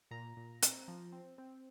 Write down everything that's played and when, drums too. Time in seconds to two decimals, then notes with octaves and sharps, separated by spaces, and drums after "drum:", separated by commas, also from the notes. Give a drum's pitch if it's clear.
0.11 A#2 A#5
0.37 A#2
0.62 C4, drum: hi-hat
0.88 F3
1.12 C4
1.38 C4